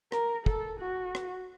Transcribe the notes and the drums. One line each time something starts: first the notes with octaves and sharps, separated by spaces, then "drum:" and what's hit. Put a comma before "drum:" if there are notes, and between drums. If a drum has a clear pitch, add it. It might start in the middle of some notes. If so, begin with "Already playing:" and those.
A#4, drum: rim click
A4, drum: kick
F#4
drum: rim click